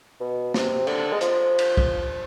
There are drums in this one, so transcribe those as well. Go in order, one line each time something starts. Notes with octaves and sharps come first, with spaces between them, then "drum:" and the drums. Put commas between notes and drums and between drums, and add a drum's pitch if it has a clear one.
B2
C3, drum: snare
D3, drum: cymbal
G#3
F3, drum: hi-hat
drum: cymbal
drum: kick